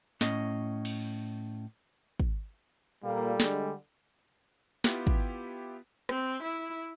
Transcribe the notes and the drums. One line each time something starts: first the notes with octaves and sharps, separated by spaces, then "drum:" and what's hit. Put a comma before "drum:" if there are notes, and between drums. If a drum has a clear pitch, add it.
A2 C#4 D#5, drum: snare
drum: cymbal
drum: kick
A#2 G3 A#3 A4
D3 G#3, drum: snare
B3 E4 F4 G4, drum: snare
drum: kick
C4, drum: rim click
E4